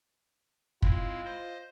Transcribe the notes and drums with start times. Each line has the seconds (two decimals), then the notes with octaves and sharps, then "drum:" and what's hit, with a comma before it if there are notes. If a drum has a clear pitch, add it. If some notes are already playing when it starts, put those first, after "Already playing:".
0.82 G#3 C4 E4 F4, drum: kick
1.25 C5 D#5